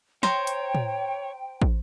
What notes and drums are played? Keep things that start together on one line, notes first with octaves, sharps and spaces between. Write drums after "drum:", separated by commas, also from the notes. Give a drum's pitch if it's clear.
C5 C#5 G5 A#5, drum: snare
drum: hi-hat
drum: tom
drum: kick